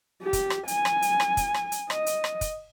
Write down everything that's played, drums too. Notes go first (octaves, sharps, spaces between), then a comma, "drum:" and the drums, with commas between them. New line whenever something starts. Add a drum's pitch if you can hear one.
G4
drum: kick, hi-hat
drum: rim click
G#5, drum: hi-hat
drum: rim click
drum: hi-hat
drum: rim click
drum: kick, hi-hat
drum: rim click
drum: hi-hat
D#5, drum: rim click
drum: hi-hat
drum: rim click
drum: kick, hi-hat